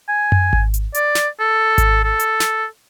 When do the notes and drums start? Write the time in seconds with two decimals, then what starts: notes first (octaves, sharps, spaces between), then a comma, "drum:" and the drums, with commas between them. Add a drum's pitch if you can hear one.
0.08 G#5
0.32 drum: tom F#2
0.53 drum: kick G#1
0.74 drum: hi-hat
0.94 D5, drum: hi-hat
1.15 drum: snare
1.39 A4
1.78 drum: kick G#1, hi-hat
2.04 A4
2.20 drum: hi-hat
2.40 drum: snare